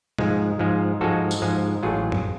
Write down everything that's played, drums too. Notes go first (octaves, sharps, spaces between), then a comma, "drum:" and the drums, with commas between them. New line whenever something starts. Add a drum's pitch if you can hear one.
G#2 F3 G#3, drum: tom B2
G#2 F3 G#3
G#2 F3 G#3 F#4 A4
drum: tambourine
G#2 F3 G#3
A1 A2 F#3 F4 G#4
drum: tom F#2